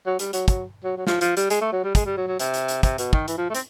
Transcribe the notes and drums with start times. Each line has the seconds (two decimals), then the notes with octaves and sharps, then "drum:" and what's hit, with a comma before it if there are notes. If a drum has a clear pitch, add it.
0.06 F#3
0.19 G3, drum: hi-hat
0.33 F#3, drum: hi-hat
0.48 F#3, drum: kick, hi-hat
0.84 F#3
0.97 F#3
1.07 F3, drum: snare
1.21 F3, drum: hi-hat
1.37 G3, drum: hi-hat
1.50 G#3, drum: hi-hat
1.61 A3
1.73 F#3
1.84 G3
1.95 G#3, drum: kick, hi-hat
2.06 G3
2.17 F#3
2.27 F#3
2.40 C3, drum: hi-hat
2.54 drum: hi-hat
2.68 drum: hi-hat
2.83 C3, drum: kick, hi-hat
2.98 B2, drum: hi-hat
3.13 D#3, drum: kick
3.28 E3, drum: hi-hat
3.38 F3
3.50 A3
3.55 C4, drum: hi-hat